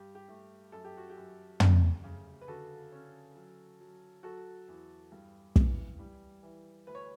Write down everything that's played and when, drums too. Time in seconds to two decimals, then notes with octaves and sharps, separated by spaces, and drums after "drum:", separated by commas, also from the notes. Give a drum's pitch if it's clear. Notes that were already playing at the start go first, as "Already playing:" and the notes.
Already playing: G2 G4
0.15 G4
0.28 A3
0.72 F#2 A4
0.85 G4
0.97 F#4
1.10 G4
1.17 F#2
1.60 D2, drum: tom
2.04 C#3
2.41 B4
2.48 D3 F#4 A4
2.92 C#4
3.36 F#3
3.80 F#3
4.23 F#3 F#4 A4
4.68 E2
5.12 G2
5.56 E3, drum: kick
5.99 G3
6.43 E3
6.87 D2 B4
6.95 C#5